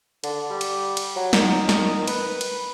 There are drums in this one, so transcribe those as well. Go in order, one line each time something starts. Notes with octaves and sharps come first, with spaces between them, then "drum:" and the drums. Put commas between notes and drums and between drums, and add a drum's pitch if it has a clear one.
D3, drum: cymbal
G3
drum: cymbal
drum: cymbal
F#3
D#3, drum: snare
drum: snare
B4, drum: cymbal
drum: cymbal